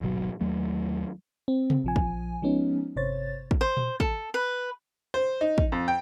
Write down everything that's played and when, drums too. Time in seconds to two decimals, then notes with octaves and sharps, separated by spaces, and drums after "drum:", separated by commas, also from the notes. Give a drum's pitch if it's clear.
0.01 D#1 G#1 B2 F#3
0.41 D#2 F#3 A3
1.48 C4
1.70 drum: tom C3
1.84 A#1 F3 G#5
1.96 drum: kick
2.42 F3 G#3 B3 C#4 D#4
2.96 G1 C3 C5 C#5 A6
3.51 drum: kick
3.61 C5
3.77 drum: tom A#2
4.00 A4, drum: kick
4.34 B4
5.14 C5
5.41 D#4
5.58 drum: kick
5.72 F2
5.88 G5